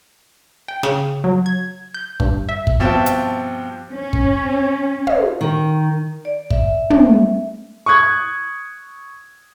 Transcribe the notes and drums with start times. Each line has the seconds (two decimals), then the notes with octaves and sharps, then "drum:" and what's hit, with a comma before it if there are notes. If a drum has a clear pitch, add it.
0.68 G5
0.83 C#3, drum: snare
1.24 F#3
1.46 G#6
1.94 G6
2.20 G2, drum: kick
2.49 E5
2.67 drum: kick
2.80 G2 B2 F3 C4 E5 A5
3.06 drum: hi-hat
3.92 C#4
4.13 drum: kick
5.07 drum: tom
5.41 D#3
6.25 D5
6.50 E5, drum: kick
6.90 drum: tom
7.86 C#6 D#6 F#6 G#6